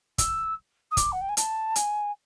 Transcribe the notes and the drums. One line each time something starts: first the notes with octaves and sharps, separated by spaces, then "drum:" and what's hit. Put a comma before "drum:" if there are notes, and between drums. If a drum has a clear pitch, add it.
E6, drum: kick, hi-hat
D#6
D6, drum: kick, hi-hat
F#5
G5
G#5
A5, drum: hi-hat
G#5, drum: hi-hat